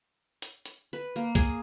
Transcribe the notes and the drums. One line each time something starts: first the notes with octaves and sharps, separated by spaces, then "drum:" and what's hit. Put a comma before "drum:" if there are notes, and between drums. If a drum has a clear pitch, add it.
drum: hi-hat
drum: hi-hat
B4
A#3
G#4, drum: kick C2, hi-hat